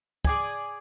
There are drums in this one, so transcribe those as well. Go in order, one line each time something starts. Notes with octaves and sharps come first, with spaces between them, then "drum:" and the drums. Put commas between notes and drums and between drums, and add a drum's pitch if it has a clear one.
G#4 D5 G#5, drum: kick